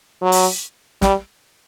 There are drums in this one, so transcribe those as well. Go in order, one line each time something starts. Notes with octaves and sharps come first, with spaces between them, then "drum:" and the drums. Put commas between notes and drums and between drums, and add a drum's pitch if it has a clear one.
F#3
drum: open hi-hat
G3, drum: snare